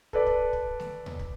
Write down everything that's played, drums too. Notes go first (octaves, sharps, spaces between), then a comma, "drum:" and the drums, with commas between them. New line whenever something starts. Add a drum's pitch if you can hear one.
A4 B4 D5, drum: kick
drum: kick
drum: kick
drum: snare A3
drum: tom D#2
drum: kick